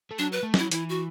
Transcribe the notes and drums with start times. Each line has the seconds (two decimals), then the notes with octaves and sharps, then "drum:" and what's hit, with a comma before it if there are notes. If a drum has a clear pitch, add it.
0.11 A3
0.19 F#3 D4
0.32 B4
0.43 A3
0.54 F#3 E4, drum: snare
0.71 E3 E4, drum: hi-hat
0.89 F#4